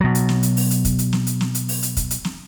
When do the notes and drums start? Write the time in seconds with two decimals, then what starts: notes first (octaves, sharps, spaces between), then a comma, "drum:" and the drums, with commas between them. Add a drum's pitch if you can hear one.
0.01 B2 F#3
0.15 drum: hi-hat
0.29 drum: snare
0.43 drum: hi-hat
0.57 drum: open hi-hat
0.71 drum: hi-hat
0.85 drum: kick, hi-hat
0.99 drum: hi-hat
1.13 drum: snare
1.27 drum: hi-hat
1.41 drum: snare
1.55 drum: hi-hat
1.69 drum: open hi-hat
1.83 drum: hi-hat
1.97 drum: kick, hi-hat
2.11 drum: hi-hat
2.25 drum: snare